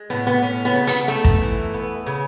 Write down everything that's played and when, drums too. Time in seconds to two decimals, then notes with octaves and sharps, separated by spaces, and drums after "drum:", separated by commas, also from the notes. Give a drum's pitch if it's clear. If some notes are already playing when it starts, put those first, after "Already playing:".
Already playing: G#3
0.10 A2 B3
0.27 B3
0.42 C#4
0.65 B3
0.75 C#3
0.87 B3, drum: hi-hat
1.08 A3 D#4
1.24 drum: kick
1.42 E3
1.74 B3
2.07 C#3